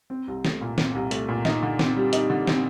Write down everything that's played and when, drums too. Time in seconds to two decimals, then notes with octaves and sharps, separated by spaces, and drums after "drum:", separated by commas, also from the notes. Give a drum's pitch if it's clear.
0.10 C4
0.28 C2
0.45 A3, drum: snare
0.61 A#2
0.78 C4, drum: snare
0.95 C2
1.11 A3, drum: hi-hat
1.29 A#2
1.45 D#4, drum: snare
1.63 D3
1.79 C4, drum: snare
1.97 G3
2.13 D#4, drum: hi-hat
2.30 D3
2.47 C4, drum: snare